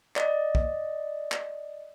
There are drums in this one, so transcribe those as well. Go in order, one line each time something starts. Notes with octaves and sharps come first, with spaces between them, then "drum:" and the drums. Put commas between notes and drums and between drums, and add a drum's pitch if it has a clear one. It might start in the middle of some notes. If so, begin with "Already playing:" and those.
D5 D#5, drum: clap
drum: kick
drum: clap